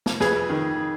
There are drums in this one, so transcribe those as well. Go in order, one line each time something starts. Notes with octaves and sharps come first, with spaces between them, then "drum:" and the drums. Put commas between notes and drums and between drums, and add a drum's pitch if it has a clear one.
drum: snare
F2 G#4 B4, drum: snare
D#3